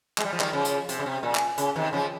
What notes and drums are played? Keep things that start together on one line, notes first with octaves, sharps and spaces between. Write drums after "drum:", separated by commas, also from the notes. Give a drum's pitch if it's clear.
G#3, drum: clap
G3
F3
D#3 G3, drum: clap
C#3 F3
drum: hi-hat
C3, drum: hi-hat
C#3
C3
A#2
drum: clap
C#3, drum: hi-hat
C3 D#3
C#3 F3